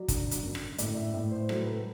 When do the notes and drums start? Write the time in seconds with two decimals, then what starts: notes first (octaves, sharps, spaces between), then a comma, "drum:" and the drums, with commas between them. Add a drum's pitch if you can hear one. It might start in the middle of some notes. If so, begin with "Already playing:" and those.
Already playing: F#3 D5
0.08 D3, drum: kick, hi-hat
0.31 drum: hi-hat
0.43 F#2
0.55 drum: rim click
0.78 A2 D5, drum: hi-hat
0.96 E5
1.14 A2 D5
1.32 C5
1.49 F#3 A4, drum: rim click
1.61 B4
1.66 A4